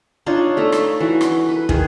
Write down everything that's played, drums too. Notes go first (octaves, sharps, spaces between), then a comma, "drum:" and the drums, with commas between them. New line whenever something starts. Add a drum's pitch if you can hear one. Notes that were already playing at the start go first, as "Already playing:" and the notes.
D4 D#4 F4 C#5
A3 A4 A#5
drum: rim click
E3 F#4
drum: rim click
B4
D#3 G#4, drum: kick